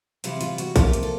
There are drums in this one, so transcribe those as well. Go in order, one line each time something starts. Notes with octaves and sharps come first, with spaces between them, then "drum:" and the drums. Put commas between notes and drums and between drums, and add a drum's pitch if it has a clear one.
C3 E3 G3 F4, drum: hi-hat
F4, drum: hi-hat
F#4, drum: hi-hat
C3 F3 A#3 G4, drum: kick A1, hi-hat
drum: hi-hat
A4